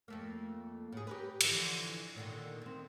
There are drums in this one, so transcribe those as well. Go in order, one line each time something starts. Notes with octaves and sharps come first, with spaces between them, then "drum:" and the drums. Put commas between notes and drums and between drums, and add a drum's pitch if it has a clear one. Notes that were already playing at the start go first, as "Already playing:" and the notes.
F2 A3 A#3
A2 G#4
G4 A#4 B4
D3 E3 F3, drum: cymbal
A#2 D3 D#3
D#3 C4